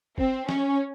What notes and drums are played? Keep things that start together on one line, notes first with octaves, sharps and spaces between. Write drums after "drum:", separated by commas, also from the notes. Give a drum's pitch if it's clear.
C4, drum: kick
C#4, drum: snare